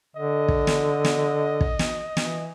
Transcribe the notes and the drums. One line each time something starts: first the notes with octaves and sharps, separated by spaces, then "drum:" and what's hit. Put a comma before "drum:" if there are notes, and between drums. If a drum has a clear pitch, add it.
D3 D#5
drum: kick
drum: snare
drum: snare
drum: kick
drum: snare
E3, drum: snare